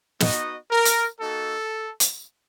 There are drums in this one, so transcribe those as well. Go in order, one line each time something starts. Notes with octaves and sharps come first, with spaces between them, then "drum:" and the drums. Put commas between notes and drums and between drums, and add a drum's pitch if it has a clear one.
B3 D#4 F#4 D#5, drum: snare
A#4
drum: hi-hat
A#3 D#4 F#4 A4
drum: hi-hat